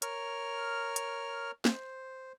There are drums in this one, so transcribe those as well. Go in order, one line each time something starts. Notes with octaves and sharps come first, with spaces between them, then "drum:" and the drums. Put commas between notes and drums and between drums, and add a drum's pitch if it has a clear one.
A#4 C#5 F6, drum: hi-hat
drum: hi-hat
C5, drum: snare